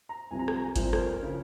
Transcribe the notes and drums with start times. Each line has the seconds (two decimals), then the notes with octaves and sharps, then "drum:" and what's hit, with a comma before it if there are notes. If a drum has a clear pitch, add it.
0.09 A#5
0.31 C2 C3 F3 G#5
0.39 A#5
0.48 G#5, drum: rim click
0.56 A#5
0.64 G#5
0.76 C2 A#2 F3 C5, drum: kick G1, hi-hat
0.93 C5, drum: rim click
0.98 A#4
1.22 C#3 F3